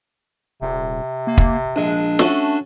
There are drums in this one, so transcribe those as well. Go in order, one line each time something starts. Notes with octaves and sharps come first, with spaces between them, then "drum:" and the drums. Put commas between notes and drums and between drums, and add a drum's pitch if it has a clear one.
D#1 C3
A#3
drum: kick
A#1 G#3 D4
A3 C#4 F#4 A4, drum: snare